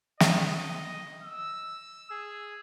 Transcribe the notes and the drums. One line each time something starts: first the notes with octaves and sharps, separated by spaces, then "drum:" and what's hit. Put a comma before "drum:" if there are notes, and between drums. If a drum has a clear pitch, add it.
D#5, drum: snare
E6
G#4